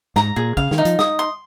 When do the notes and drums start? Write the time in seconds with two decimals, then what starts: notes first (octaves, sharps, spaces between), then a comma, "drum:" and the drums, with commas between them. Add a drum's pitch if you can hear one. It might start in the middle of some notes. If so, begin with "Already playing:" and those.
0.16 G#2 A#5, drum: snare
0.36 A#2 G#4
0.57 C#3 F5, drum: kick
0.71 D#3, drum: snare
0.78 D#4
0.85 F3, drum: hi-hat
0.99 D#6, drum: snare
1.19 C6